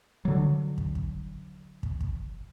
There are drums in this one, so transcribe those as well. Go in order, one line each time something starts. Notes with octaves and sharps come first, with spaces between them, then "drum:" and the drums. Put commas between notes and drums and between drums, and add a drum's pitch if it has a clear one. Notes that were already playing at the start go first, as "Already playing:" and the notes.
D3 F#3
drum: kick
drum: kick
drum: kick
drum: kick